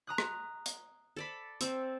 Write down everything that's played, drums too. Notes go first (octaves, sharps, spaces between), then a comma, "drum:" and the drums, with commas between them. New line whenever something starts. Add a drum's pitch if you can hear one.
A#5 D#6 F#6
drum: rim click
drum: hi-hat
A4 D5 B5
C4 A4, drum: hi-hat